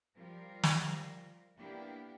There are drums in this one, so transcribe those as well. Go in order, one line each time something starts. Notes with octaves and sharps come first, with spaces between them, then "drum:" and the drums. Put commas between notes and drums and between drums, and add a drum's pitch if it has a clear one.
F3 G3 F4 A#4
drum: snare
A#3 B3 D4 E4 G4